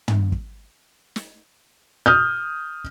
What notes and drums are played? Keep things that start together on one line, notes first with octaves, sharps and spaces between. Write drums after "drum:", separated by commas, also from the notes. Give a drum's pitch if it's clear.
drum: tom
drum: kick
drum: snare
D#6 F6 G6